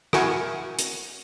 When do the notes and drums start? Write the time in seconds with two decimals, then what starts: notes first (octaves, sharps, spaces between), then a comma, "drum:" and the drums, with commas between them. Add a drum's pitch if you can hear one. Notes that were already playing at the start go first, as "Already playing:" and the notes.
0.13 E4 F#4 A#4 G#5 C#6, drum: rim click
0.79 drum: hi-hat